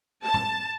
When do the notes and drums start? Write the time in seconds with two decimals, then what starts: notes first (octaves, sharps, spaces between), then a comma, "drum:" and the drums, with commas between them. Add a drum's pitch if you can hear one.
0.24 A5
0.34 drum: tom A2